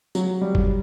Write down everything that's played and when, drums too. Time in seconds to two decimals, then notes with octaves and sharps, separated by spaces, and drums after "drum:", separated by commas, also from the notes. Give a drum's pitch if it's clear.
0.15 F#3, drum: tambourine
0.41 G3
0.55 drum: kick F#1